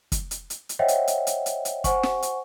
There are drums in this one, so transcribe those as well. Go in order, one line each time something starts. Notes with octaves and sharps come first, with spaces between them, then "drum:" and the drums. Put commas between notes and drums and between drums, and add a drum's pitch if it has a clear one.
drum: kick, hi-hat
drum: hi-hat
drum: hi-hat
drum: hi-hat
C5 C#5 D#5 E5 F#5 G5
drum: hi-hat
drum: hi-hat
drum: hi-hat
drum: hi-hat
drum: hi-hat
C5 F#5 G#5 C#6, drum: kick, hi-hat
drum: snare
drum: hi-hat